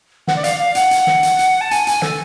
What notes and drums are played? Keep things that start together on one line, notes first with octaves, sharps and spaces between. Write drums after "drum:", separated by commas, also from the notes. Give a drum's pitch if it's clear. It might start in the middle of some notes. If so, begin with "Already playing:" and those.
F#5, drum: snare
D5
F5, drum: hi-hat
F5
F#5, drum: hi-hat
drum: hi-hat
drum: snare
drum: hi-hat
drum: hi-hat
A5
G#5, drum: hi-hat
G#5, drum: hi-hat
A4, drum: snare